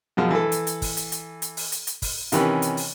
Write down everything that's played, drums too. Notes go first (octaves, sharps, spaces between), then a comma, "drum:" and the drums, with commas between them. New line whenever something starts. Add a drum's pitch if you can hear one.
F#2 B2 F3 G#3
E3 A4
drum: hi-hat
drum: hi-hat
drum: kick, open hi-hat
drum: hi-hat
drum: hi-hat
drum: hi-hat
drum: open hi-hat
drum: hi-hat
drum: hi-hat
drum: kick, open hi-hat
C3 D#3 E3 C#4 B5, drum: hi-hat
drum: hi-hat
drum: open hi-hat